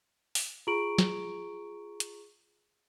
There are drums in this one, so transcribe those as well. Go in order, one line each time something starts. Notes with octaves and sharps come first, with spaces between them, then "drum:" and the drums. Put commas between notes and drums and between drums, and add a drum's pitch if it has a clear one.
drum: open hi-hat
F4 G#4 A#5 C#6 D7 F#7
drum: snare
drum: hi-hat